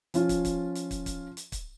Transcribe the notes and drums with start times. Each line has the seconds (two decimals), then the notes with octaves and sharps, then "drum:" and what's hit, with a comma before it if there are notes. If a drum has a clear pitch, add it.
0.14 F3 C#4 F4, drum: hi-hat
0.29 drum: kick, hi-hat
0.45 drum: kick, hi-hat
0.75 drum: hi-hat
0.91 drum: kick, hi-hat
1.06 drum: kick, hi-hat
1.37 drum: hi-hat
1.52 drum: kick, hi-hat